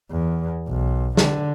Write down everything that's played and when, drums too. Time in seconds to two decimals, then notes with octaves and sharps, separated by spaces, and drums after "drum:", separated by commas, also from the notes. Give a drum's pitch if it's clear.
0.11 E2
0.68 B1
1.17 D3, drum: snare